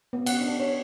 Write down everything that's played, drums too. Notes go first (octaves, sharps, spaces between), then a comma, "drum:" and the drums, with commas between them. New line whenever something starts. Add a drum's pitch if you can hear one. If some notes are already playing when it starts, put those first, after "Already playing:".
B3
F#5, drum: cymbal
D4
C#5